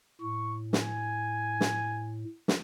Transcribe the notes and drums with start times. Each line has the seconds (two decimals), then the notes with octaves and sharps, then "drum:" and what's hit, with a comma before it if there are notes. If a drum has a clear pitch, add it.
0.21 A2 C#6
0.73 G#5, drum: snare
1.61 drum: snare
2.48 drum: snare